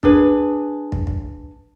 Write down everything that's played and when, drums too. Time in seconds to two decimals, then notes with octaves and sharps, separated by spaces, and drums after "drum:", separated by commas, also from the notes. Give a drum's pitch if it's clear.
0.03 D4 G#4 B4, drum: kick
0.92 drum: kick
1.07 drum: kick